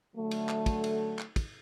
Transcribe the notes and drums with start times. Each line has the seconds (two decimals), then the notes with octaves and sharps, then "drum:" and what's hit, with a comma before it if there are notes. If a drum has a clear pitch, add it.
0.14 D3 F#3 A3
0.31 drum: cymbal
0.49 drum: clap
0.66 drum: kick, cymbal
0.84 drum: cymbal
1.19 drum: clap
1.36 drum: kick, cymbal